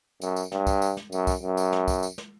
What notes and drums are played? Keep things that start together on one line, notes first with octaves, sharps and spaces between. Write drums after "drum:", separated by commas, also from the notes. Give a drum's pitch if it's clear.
F#2, drum: tambourine
drum: tambourine
G2, drum: snare
drum: kick, tambourine
drum: tambourine
drum: snare
F#2, drum: tambourine
drum: kick, tambourine
F#2
drum: tambourine
drum: snare
drum: kick, tambourine
drum: tambourine
drum: snare